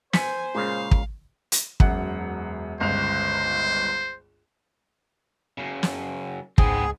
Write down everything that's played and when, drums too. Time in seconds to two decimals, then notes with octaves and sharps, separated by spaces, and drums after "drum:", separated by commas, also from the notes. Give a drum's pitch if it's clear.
0.13 C5 G#5 B6 C#7, drum: snare
0.55 A#2 C#3 G#3 F5
0.91 drum: kick
1.52 drum: hi-hat
1.80 E1 F#2 F#5, drum: kick
2.80 G1 C#2 C5 F7
5.57 F#2 C#3
5.83 drum: snare
6.58 C#2 G#2 B3 C4 G#4, drum: kick